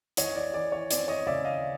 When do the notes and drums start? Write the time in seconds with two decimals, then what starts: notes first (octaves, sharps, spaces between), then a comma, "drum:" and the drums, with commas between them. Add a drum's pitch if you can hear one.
0.17 E3 C#5 D#5, drum: hi-hat
0.36 D5
0.54 E3 D5
0.72 C#5
0.91 C4 D5, drum: hi-hat
1.08 C#5 D#5
1.27 C#3 D5 E5
1.45 D#5 F5